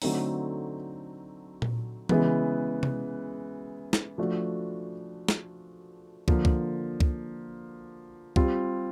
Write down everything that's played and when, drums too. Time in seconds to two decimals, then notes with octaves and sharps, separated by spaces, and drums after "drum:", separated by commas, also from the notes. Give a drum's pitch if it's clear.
0.02 D3 F#3 A3 C4 D#4, drum: open hi-hat
1.62 drum: tom A#2
2.09 C#3 E3 G#3 B3, drum: tom E3
2.83 drum: tom C3
3.93 drum: snare
4.18 F3 A3 D4 F#4
5.28 drum: snare
6.28 D3 F3 A#3, drum: kick
6.45 drum: kick
7.00 drum: kick
8.36 G3 C4 F4, drum: kick